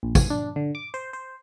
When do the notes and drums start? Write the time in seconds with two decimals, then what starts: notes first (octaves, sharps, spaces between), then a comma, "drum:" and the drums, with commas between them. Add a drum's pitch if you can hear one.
0.03 A#1
0.15 G#5, drum: kick, tambourine
0.30 D4
0.56 D3
0.75 D6
0.94 C5
1.13 C5